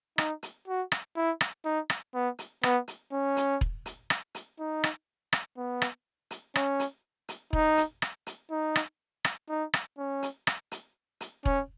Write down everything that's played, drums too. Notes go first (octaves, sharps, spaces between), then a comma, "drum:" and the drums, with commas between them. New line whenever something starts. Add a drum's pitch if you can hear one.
D#4, drum: rim click
drum: hi-hat
F#4
drum: rim click
E4
drum: rim click
D#4
drum: rim click
B3
drum: hi-hat
B3, drum: rim click
drum: hi-hat
C#4
drum: hi-hat
drum: kick E1
drum: hi-hat
drum: rim click
drum: hi-hat
D#4
drum: rim click
drum: rim click
B3
drum: rim click
drum: hi-hat
C#4, drum: rim click
drum: hi-hat
drum: hi-hat
D#4, drum: kick E1
drum: hi-hat
drum: rim click
drum: hi-hat
D#4
drum: rim click
drum: rim click
D#4
drum: rim click
C#4
drum: hi-hat
drum: rim click
drum: hi-hat
drum: hi-hat
C#4, drum: kick E1